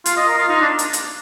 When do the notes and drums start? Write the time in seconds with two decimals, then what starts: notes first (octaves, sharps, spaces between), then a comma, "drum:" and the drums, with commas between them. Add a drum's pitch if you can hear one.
0.06 F4, drum: hi-hat
0.17 D#5
0.28 A#4
0.38 F4
0.49 D#4
0.61 D4
0.79 drum: hi-hat
0.93 drum: hi-hat